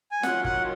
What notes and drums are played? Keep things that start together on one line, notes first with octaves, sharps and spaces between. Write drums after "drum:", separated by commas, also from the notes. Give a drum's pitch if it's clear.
G#5
D#3 F#3 C#4 F4 F#5, drum: snare
F#5, drum: kick